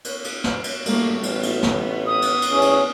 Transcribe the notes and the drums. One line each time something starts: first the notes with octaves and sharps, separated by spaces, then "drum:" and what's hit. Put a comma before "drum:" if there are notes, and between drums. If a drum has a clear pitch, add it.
drum: cymbal
drum: cymbal
drum: snare
drum: cymbal
G3 A3 A#3, drum: cymbal
A1 B3, drum: cymbal
drum: cymbal
drum: snare
D#6
drum: cymbal
drum: cymbal
E2 C#4
drum: cymbal